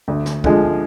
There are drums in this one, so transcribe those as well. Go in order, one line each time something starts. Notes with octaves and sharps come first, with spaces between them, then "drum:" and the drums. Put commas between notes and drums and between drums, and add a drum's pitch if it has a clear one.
D2
drum: snare
D3 F3 G#3, drum: kick C2